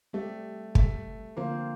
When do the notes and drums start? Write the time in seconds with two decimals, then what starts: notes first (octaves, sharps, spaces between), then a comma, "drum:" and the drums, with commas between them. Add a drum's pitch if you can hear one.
0.13 G3 A3 C4 G4
0.75 A3, drum: kick
1.37 D3 F3 A#3 C4 F4 C5